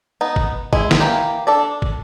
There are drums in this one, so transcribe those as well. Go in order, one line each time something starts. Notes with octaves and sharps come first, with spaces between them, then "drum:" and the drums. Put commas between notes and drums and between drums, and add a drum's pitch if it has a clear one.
B3 D#4
drum: kick
G#3 E4, drum: kick
drum: snare
E3 F#3 A#3 G4
D4 A4 D5
drum: kick